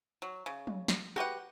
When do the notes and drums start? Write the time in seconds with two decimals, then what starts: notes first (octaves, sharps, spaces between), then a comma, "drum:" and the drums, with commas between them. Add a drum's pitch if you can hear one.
0.22 F#3
0.46 C#3
0.67 drum: tom
0.88 drum: snare
1.16 F#4 G4 B4 F#5, drum: rim click